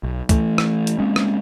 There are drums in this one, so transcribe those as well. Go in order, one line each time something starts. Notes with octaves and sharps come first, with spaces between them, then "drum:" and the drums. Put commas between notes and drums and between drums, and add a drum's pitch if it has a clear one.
B1
E3 A3, drum: kick, hi-hat
drum: rim click
drum: hi-hat
G#3 A#3 C4 C#4
drum: rim click